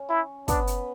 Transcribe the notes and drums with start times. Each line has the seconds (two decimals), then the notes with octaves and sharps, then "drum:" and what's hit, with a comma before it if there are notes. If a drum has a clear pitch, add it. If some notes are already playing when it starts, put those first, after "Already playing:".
Already playing: C#4
0.09 E4
0.48 B3 D4, drum: kick, hi-hat
0.67 drum: hi-hat